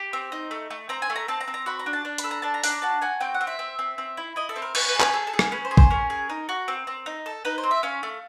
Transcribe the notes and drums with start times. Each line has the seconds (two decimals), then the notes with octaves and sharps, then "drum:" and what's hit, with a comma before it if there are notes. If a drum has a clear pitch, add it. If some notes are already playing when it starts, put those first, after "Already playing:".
Already playing: G4
0.13 C4
0.32 D#4
0.51 A3
0.70 A3
0.89 C4 A#5
1.02 G#5
1.10 A3
1.16 A#5
1.28 C4 A5
1.41 A#5
1.48 C4
1.54 A#5
1.66 F#4 B5
1.79 A#5
1.86 D4
1.93 A5
2.05 D4
2.18 B5, drum: hi-hat
2.24 A4
2.31 A#5
2.42 D4 A5
2.54 A#5
2.64 D4, drum: open hi-hat
2.82 F#4 A5
3.01 F#4 G#5
3.20 C4 G5
3.34 F#5
3.41 C4
3.47 E5
3.59 C4
3.79 C4
3.98 C4
4.17 E4
4.36 E4 D#5
4.49 A4
4.56 C4
4.62 A#4
4.75 C#4 B4, drum: cymbal
4.89 B4
4.95 G#4
5.00 B4, drum: clap
5.13 G#4 A4
5.27 A4
5.33 G#4
5.39 A#4, drum: rim click
5.52 C#4 B4
5.65 C5
5.71 G#4
5.77 C5, drum: kick A1
5.90 C#4 A#4
6.10 G#4
6.30 D#4
6.49 F#4
6.68 C4
6.87 C4
7.06 D#4
7.26 A4
7.45 D#4 B4
7.58 C5
7.63 C4
7.71 E5
7.83 C#4 F5
8.03 A3